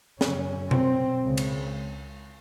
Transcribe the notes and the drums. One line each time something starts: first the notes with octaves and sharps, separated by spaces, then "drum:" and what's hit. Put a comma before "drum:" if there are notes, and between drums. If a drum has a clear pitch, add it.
F#2 C#3 C#4, drum: snare
C4, drum: tom B2
C#2 C#3
drum: cymbal